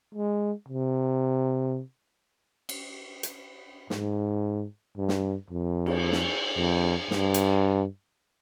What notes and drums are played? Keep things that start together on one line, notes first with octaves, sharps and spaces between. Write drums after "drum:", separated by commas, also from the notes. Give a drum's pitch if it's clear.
G#3
C3
drum: cymbal
drum: hi-hat
G#2, drum: snare
G2
drum: snare
F2
drum: cymbal
drum: snare
F2
G2, drum: snare
drum: hi-hat